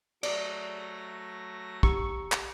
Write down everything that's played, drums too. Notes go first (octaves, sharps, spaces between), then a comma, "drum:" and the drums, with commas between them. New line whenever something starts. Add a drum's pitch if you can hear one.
F#3 A3 D5 A#6, drum: cymbal
G4 A#5 C#6 E6, drum: kick
drum: clap